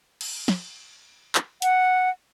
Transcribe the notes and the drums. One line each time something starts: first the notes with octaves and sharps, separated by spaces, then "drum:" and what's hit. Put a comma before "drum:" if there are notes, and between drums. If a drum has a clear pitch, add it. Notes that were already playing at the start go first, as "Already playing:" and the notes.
drum: cymbal
drum: snare
drum: clap
F#5, drum: hi-hat